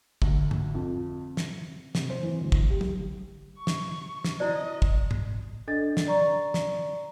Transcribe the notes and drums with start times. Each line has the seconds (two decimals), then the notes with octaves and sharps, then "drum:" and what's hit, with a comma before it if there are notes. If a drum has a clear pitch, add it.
0.22 D2, drum: kick
0.51 drum: tom G#2
0.74 F2
1.37 drum: snare
1.95 C3, drum: snare
2.10 C5
2.23 E3
2.41 D2
2.52 drum: kick
2.70 G4
2.81 drum: tom
3.58 C#6
3.67 drum: snare
4.24 drum: snare
4.40 E4 C5 D5 D#5
4.82 drum: kick
5.11 drum: tom G#2
5.68 D4 A4 D#5 A6
5.97 drum: snare
6.07 D5 A#5 C#6
6.54 drum: snare